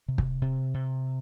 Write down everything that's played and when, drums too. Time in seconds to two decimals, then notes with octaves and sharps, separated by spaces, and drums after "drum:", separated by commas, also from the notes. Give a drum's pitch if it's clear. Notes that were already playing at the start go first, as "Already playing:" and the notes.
0.08 C3
0.18 drum: kick
0.42 C3
0.74 C3